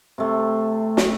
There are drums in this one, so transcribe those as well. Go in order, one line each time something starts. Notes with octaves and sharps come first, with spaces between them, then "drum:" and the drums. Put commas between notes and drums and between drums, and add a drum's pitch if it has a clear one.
C3 A3
drum: snare